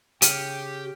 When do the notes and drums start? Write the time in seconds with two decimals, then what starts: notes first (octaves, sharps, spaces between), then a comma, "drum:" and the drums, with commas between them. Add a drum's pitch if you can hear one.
0.22 C#3 G4 G5 F6 C#7 D#7, drum: hi-hat